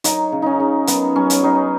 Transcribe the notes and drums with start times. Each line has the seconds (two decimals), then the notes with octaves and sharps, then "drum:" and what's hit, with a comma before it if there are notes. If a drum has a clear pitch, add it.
0.04 F#3 D#4, drum: hi-hat
0.32 C#3
0.42 C#4 D#4
0.60 C#3
0.87 F#3 B3, drum: hi-hat
1.16 F#3 C#4
1.30 drum: hi-hat
1.43 F#3 D#4